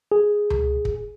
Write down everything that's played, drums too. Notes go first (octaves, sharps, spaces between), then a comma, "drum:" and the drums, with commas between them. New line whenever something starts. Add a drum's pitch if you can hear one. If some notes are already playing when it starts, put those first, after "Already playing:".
G#4
drum: tom C#2
drum: kick